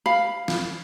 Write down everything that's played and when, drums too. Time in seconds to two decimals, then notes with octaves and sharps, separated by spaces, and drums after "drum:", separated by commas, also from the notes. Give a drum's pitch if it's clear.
0.06 F5 B5
0.48 drum: snare